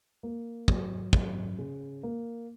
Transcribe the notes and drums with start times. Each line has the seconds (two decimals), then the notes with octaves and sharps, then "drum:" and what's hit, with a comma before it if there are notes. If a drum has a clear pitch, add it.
0.23 A#3
0.68 F#3, drum: kick
1.13 F#2, drum: kick
1.58 C#3
2.03 A#3